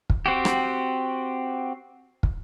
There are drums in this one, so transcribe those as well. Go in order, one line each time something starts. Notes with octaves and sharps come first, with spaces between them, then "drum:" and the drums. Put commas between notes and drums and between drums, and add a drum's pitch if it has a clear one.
drum: kick
C4 F#4 G4
drum: rim click
drum: kick